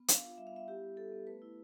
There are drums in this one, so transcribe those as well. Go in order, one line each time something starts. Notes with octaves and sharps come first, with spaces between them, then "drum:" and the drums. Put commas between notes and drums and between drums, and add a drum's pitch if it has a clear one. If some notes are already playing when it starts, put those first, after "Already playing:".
Already playing: B3
D4 F5, drum: hi-hat
F4
G3 E5
F5
B3 E5
E4 G4
G3
G3 A4
B3
A3 B4
E4